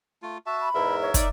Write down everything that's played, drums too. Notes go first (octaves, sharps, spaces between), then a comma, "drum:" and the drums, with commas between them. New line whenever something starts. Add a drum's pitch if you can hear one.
A3 F4
F#4 E5 A5
B5
E2 G#2 A#4 E5
C#5
D#4 D5, drum: kick, hi-hat